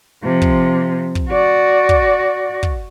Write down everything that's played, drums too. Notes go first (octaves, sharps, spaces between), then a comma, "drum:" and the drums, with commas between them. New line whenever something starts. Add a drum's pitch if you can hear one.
C3 F3
drum: kick
drum: kick
F#4 D5
drum: kick
drum: kick